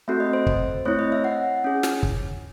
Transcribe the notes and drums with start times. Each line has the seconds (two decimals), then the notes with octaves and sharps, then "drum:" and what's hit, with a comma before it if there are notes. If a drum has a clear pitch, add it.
0.08 A3 C4 F#4 A4 E5
0.20 D#5
0.33 C5
0.47 drum: kick
0.85 A3 C4 E4 C#5
0.99 D#5
1.12 E5
1.24 F#5
1.64 C#4 G#4
1.83 drum: snare
2.03 drum: kick